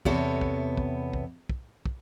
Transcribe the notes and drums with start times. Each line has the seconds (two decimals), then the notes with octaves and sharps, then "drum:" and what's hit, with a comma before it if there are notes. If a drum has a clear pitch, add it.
0.05 E2 C3 B3 A4 C#5, drum: kick
0.41 drum: kick
0.77 drum: kick
1.13 drum: kick
1.49 drum: kick
1.86 drum: kick